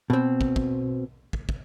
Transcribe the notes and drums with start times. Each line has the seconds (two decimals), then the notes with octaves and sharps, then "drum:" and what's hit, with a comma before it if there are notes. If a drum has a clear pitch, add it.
0.10 B2 C4
0.41 drum: kick
0.56 drum: kick
1.33 drum: kick
1.49 drum: kick